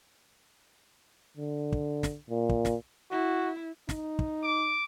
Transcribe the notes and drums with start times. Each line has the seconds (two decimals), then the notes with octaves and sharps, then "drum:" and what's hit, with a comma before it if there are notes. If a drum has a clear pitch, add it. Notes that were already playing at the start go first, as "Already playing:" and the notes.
1.37 D3
1.72 drum: kick
2.03 drum: snare
2.30 A#2
2.49 drum: kick
2.65 drum: snare
3.11 E4 F#4
3.89 D#4, drum: snare
4.19 drum: kick
4.43 D6